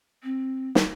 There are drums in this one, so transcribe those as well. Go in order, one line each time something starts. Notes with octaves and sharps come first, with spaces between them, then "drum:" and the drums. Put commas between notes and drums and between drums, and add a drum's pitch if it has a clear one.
C4
drum: snare